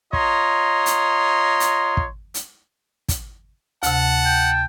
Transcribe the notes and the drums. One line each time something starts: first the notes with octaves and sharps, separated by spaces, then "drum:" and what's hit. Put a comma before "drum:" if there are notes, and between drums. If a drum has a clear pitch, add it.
F4 C#5 D#5 A#5 C6, drum: kick
drum: hi-hat
drum: hi-hat
drum: kick
drum: hi-hat
drum: kick, hi-hat
D2 C3 F#5 A5, drum: hi-hat
G5